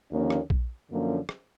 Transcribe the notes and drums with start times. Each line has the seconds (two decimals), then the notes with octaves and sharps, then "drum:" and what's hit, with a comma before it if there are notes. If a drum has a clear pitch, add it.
0.11 D#2 D3 F3 A#3 C#4
0.30 drum: rim click
0.50 drum: kick A#1
0.90 F#2 D3 F3 A#3 C#4
1.29 drum: rim click